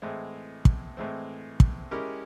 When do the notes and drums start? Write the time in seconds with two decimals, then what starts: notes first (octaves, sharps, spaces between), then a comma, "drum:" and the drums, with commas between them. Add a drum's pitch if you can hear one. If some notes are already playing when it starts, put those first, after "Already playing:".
0.02 A2 E3 G#3 C4
0.65 drum: kick
0.97 A2 E3 G#3 C4
1.60 drum: kick
1.91 G#3 C#4 E4 G4 A#4